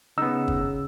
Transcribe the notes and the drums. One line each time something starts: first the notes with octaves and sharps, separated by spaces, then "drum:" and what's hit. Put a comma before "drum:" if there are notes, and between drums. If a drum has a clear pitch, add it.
C#3 B3 D#4 E6
drum: kick